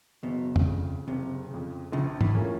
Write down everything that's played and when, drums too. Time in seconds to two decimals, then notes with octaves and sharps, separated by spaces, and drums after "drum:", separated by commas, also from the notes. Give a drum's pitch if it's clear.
0.23 F#1 B2
0.56 drum: tom
0.65 F2 C#3
1.07 F#1 C3
1.50 F2 C#3
1.92 A#1 C#3
2.21 E3, drum: tom
2.35 A2 F3 A#3 C#4